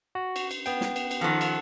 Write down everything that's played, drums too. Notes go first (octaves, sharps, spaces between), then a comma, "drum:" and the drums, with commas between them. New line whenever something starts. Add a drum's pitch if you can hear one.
F#4
drum: cymbal
drum: cymbal
B3 G5, drum: cymbal
drum: snare
drum: cymbal
drum: cymbal
D#3 F3 A4 F#5
drum: cymbal